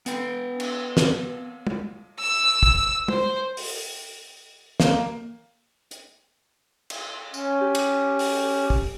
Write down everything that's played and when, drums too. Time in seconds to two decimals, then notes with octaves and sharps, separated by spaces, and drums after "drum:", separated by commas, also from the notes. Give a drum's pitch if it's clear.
0.06 B3 B4 G5, drum: hi-hat
0.60 drum: cymbal
0.97 drum: snare
1.67 drum: tom
2.19 E6
2.63 drum: kick
3.08 C5, drum: tom
3.57 drum: open hi-hat
4.80 A#3, drum: snare
5.91 drum: hi-hat
6.90 drum: cymbal
7.34 C#4, drum: tambourine
7.61 G4
7.75 drum: cymbal
8.19 drum: open hi-hat
8.70 drum: kick